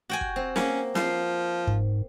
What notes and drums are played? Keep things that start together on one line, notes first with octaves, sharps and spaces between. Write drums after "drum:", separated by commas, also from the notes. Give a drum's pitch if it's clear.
F#4 G5 G#5
drum: kick
C4
A#3 C#4, drum: snare
F3 C6, drum: snare
G#2, drum: kick